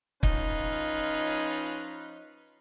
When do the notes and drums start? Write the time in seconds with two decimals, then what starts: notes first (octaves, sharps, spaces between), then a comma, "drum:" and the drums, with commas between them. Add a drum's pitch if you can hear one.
0.23 F3 C#4 D#4 F4 B4, drum: kick